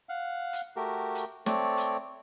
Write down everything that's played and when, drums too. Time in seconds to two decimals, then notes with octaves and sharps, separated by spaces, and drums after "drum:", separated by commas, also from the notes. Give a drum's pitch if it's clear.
0.09 F5 F#5
0.53 drum: hi-hat
0.76 A3 F#4 G4 A#4
1.15 drum: hi-hat
1.46 A3 C4 C#5 D5, drum: snare
1.77 drum: hi-hat